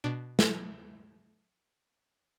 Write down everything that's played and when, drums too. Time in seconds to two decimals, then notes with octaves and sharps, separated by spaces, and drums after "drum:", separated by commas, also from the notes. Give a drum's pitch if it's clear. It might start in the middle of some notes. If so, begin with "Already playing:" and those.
0.04 B2 D4
0.39 drum: snare